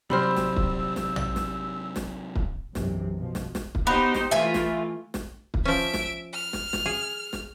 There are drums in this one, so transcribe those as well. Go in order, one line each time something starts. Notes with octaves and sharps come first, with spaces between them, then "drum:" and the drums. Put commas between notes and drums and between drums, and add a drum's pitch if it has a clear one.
C3 F#3 G3 C5 B5 C6 E6 F6
drum: snare
drum: kick
drum: snare
drum: tom A#1
drum: snare
drum: snare
drum: kick
B1 F#2 C3 E3, drum: snare
B2 F3
drum: snare
drum: snare
drum: kick
B3 D#4 G4 C5
drum: snare
E3 A3 F4 E5 G#5
drum: snare
drum: snare
drum: kick
F3 C#4 E5 D7
drum: snare
F6
drum: snare
drum: snare
G#4
drum: snare